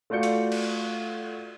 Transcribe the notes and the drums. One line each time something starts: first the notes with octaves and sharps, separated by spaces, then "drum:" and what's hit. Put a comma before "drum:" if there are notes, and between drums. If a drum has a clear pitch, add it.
A3 F4 F#4 D5 G6 C#7
drum: hi-hat
drum: cymbal